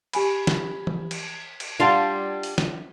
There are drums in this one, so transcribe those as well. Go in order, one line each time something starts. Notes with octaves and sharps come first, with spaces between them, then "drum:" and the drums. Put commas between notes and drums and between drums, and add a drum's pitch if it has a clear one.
G4 G#5 B5, drum: cymbal
drum: snare
drum: tom E3
drum: cymbal
drum: cymbal
G3 D4 F4 F#5 A6 C7
drum: open hi-hat
drum: snare